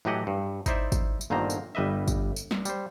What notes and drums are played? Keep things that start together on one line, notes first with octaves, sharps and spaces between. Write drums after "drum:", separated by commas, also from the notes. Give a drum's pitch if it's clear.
A2 E3 F#3 G4 D#5 F#5
G2
D#4 E4 C5 D5 E5, drum: kick, tambourine
drum: kick, tambourine
drum: tambourine
G1 A#2 D3 D#3 C5 A#5
drum: tambourine
G1 G3 B4 D#5 E5
drum: kick, tambourine
drum: tambourine
drum: snare
G3 C5, drum: tambourine